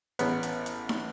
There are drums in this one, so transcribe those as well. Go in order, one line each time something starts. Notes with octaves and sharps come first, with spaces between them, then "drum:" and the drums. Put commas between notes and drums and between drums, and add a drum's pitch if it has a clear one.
A1 B3, drum: hi-hat
drum: hi-hat
drum: hi-hat
drum: snare